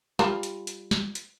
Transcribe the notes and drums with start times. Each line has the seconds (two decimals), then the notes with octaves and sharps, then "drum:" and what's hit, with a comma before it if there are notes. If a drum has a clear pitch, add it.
0.19 G3 F4 A5, drum: snare
0.43 drum: hi-hat
0.67 drum: hi-hat
0.91 drum: snare
1.15 drum: hi-hat